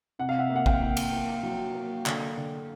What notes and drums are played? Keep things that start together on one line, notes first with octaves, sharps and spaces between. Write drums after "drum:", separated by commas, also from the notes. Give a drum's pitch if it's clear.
C3 F#5
F5
E5 F#5
A#3
F#5
F5 G5, drum: kick
A#3
drum: cymbal
A#3
F#3
A#3
D3, drum: clap
D3